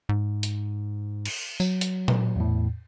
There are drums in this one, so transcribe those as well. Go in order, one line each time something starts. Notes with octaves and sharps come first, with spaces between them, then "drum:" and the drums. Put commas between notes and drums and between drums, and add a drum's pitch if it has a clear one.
G#2
drum: hi-hat
drum: cymbal
F#3, drum: tambourine
drum: hi-hat
drum: tom A#2
E2 A2